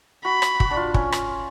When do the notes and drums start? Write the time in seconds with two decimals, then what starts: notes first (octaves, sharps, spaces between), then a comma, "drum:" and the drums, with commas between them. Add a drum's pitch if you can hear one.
0.24 F#4 B5
0.42 drum: rim click
0.60 F#4, drum: kick
0.71 D4
0.77 F4
0.94 C#4, drum: kick
1.12 drum: rim click